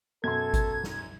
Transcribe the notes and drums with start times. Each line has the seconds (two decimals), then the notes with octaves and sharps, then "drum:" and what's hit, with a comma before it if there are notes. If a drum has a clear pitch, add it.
0.24 F#2 B2 A4 C6 G#6
0.54 drum: kick G#1, hi-hat
0.84 drum: snare